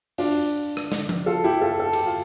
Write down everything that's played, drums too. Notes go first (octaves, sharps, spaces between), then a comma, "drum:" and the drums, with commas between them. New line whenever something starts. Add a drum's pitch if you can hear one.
D4 F4, drum: open hi-hat
drum: rim click
drum: snare
drum: tom F3
F4 A4
E4 G4
F4 A4
A4
G4, drum: cymbal
F4